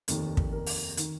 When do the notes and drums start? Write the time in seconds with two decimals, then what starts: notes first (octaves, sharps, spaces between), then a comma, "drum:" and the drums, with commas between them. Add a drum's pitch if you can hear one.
0.08 F1 D#2 D#3, drum: hi-hat
0.37 drum: kick
0.52 A#4
0.66 drum: open hi-hat
0.97 D#3, drum: hi-hat